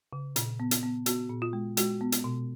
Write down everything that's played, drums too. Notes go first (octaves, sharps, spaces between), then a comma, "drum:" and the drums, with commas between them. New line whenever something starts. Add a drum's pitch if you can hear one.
C#3
A#2, drum: hi-hat
B3
drum: hi-hat
B3
B3 F#4, drum: hi-hat
A#2
F4
G#3
G#3 F#4, drum: hi-hat
B3
drum: hi-hat
B2